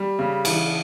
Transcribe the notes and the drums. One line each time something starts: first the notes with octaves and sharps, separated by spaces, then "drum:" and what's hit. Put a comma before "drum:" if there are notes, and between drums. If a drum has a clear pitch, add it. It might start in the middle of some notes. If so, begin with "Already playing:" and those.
Already playing: G3
C#3
E3, drum: cymbal